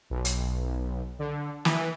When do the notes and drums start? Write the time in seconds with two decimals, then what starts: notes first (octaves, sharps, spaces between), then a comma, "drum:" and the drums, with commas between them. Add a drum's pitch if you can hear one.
0.10 B1
0.25 drum: hi-hat
1.19 D3
1.65 E3, drum: snare